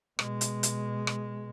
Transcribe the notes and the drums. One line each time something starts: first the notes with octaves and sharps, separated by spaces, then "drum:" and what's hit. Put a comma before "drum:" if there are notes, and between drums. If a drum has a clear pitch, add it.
B2 G#3, drum: rim click
drum: hi-hat
drum: hi-hat
drum: rim click